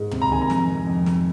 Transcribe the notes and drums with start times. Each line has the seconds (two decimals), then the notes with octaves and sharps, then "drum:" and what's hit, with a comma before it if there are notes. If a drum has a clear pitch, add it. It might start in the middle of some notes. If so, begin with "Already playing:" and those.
Already playing: G#2
0.11 C3, drum: tom
0.22 A#5
0.31 D#3 G#5
0.42 A#5
0.50 F2, drum: snare
0.68 F2
0.87 F2
1.06 F2, drum: snare